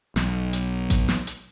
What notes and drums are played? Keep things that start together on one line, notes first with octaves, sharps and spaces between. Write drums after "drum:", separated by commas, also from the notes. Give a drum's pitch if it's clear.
B1, drum: snare
drum: hi-hat
drum: kick A1, hi-hat
drum: snare
drum: hi-hat